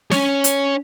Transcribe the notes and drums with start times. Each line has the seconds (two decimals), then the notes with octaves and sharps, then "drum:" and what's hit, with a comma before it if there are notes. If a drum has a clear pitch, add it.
0.11 C#4 C#5, drum: snare
0.44 drum: hi-hat